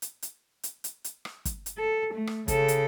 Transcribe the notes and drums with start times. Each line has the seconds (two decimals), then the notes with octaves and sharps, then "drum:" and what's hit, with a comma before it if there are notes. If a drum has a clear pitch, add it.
0.02 drum: hi-hat
0.22 drum: hi-hat
0.63 drum: hi-hat
0.84 drum: hi-hat
1.04 drum: hi-hat
1.25 drum: rim click
1.45 drum: kick G1, hi-hat
1.66 drum: hi-hat
1.78 A4
2.14 A3
2.27 drum: rim click
2.48 C#3 A4, drum: kick G1, hi-hat
2.68 drum: hi-hat